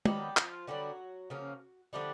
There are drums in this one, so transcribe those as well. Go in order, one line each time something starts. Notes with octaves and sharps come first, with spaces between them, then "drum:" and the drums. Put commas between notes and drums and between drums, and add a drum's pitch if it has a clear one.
D#3 F#3 G3 B3 G4, drum: tom
F3 F4, drum: clap
D3 F#3 G3 B3 D4 F#4
C#3 F3 A#3 C#4
D3 F3 G3 A3 D4 G4